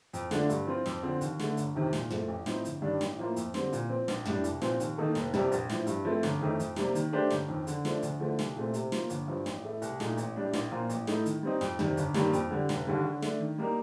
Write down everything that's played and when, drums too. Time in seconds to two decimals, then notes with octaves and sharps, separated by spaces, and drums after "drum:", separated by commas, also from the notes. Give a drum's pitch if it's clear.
0.13 F2, drum: hi-hat
0.31 D3 A3 D4 F4, drum: snare
0.49 G2, drum: hi-hat
0.67 F3 C4 F4
0.86 F2, drum: snare
1.03 D3 F3 C4
1.21 D#2, drum: hi-hat
1.39 D3 A3, drum: snare
1.57 G1, drum: hi-hat
1.75 F2 C3 D#3
1.93 A#2, drum: snare
2.10 F3 A3, drum: tom
2.28 A1
2.46 A2 F3 C4 D#4, drum: snare
2.65 G1, drum: hi-hat
2.82 G2 D#3 G3 D4
3.01 A1, drum: snare
3.19 A2 F3 A#3 F4
3.36 F2, drum: hi-hat
3.54 D3 G3 C4, drum: snare
3.73 A#2, drum: hi-hat
3.89 F3 C4
4.08 A#1, drum: snare
4.25 A2 G3 D4, drum: tom
4.44 C2, drum: hi-hat
4.62 A#2 F3 C4, drum: snare
4.80 D#2, drum: hi-hat
4.98 D#3 A#3 D#4 A4
5.15 F1, drum: snare
5.34 F2 C3 G3, drum: tom
5.52 A#1, drum: hi-hat
5.69 A2 F3, drum: snare
5.87 G2, drum: hi-hat
6.05 F3 A3 C4
6.23 G1, drum: snare
6.41 F2 D#3 A3 D#4
6.59 F2, drum: hi-hat
6.76 C3 G3 A#3, drum: snare
6.95 D#3, drum: hi-hat
7.13 A3 D4 G4 C5
7.30 G1, drum: snare
7.49 F2 D#3
7.67 D3, drum: hi-hat
7.85 F3 A3 D4, drum: snare
8.02 D2, drum: hi-hat
8.20 D3 F3 A3
8.39 C2, drum: snare
8.56 A#2 A3 C4
8.74 C3, drum: hi-hat
8.92 F3 A#3 F4, drum: snare
9.09 G1, drum: hi-hat
9.28 G2 F3
9.46 A1, drum: snare
9.64 A2 A3
9.82 C2, drum: hi-hat
10.00 A#2 A3 D#4, drum: snare
10.17 A1, drum: hi-hat
10.36 A2 G3 D4
10.53 A#1, drum: snare
10.71 A#2 F3 A#3 F4
10.89 A1, drum: hi-hat
11.07 A2 A3 D#4, drum: snare
11.26 D#3, drum: hi-hat
11.43 G3 C4 D#4
11.61 F2, drum: snare
11.79 C3 D#3 G3, drum: tom
11.97 G1, drum: hi-hat
12.14 G2 D#3 G3 A#3, drum: snare
12.33 F2, drum: hi-hat
12.51 D3 G3
12.69 F1, drum: snare
12.87 D#2 D3 G3
13.04 D3
13.22 A3 D4, drum: snare
13.40 D#3
13.58 G3 A#3 D#4 A#4